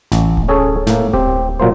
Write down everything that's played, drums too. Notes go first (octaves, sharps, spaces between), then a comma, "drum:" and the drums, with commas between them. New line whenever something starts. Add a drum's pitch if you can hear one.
A1, drum: snare
drum: kick D1
C#4 G#4 A4 C#5
A2 A#3, drum: snare
C4 G4, drum: kick D1
A#2 F#3 A#3 C5